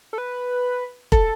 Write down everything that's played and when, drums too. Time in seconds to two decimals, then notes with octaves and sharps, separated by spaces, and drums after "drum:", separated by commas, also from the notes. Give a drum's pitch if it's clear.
0.13 A4
0.18 B4
1.12 A4, drum: kick